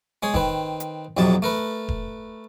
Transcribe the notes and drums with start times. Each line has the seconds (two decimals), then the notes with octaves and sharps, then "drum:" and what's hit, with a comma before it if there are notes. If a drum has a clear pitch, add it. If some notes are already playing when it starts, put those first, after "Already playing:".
0.23 G#3 G#4 C#5
0.34 D#3 C4 B4, drum: kick E1
0.80 drum: hi-hat
1.17 B1 F2 C3 F#3 D#4 A5
1.42 A3 A#4 B4
1.89 drum: kick E1